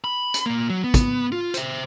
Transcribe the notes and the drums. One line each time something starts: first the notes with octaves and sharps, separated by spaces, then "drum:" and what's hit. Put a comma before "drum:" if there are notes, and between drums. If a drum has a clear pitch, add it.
B5
drum: hi-hat
A#2 A#3
F#3
B3
drum: kick, hi-hat
F4
C5 E5, drum: hi-hat